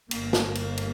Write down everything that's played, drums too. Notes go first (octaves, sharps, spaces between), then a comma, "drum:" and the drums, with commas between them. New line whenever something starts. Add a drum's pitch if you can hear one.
G1 G2 A#3, drum: cymbal
drum: snare
drum: cymbal
drum: cymbal